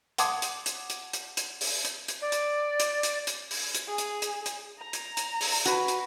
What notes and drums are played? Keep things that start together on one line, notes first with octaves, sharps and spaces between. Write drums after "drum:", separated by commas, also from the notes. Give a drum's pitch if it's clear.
F#5 A5 C6 D6 D#6 G#6, drum: hi-hat
drum: hi-hat
drum: hi-hat
drum: hi-hat
drum: hi-hat
drum: hi-hat
drum: open hi-hat
drum: hi-hat
drum: hi-hat
D5
drum: hi-hat
drum: hi-hat
drum: hi-hat
drum: hi-hat
drum: open hi-hat
drum: hi-hat
G#4
drum: hi-hat
drum: hi-hat
drum: hi-hat
A#5
drum: hi-hat
drum: hi-hat
drum: open hi-hat
F#4 B4, drum: hi-hat
drum: hi-hat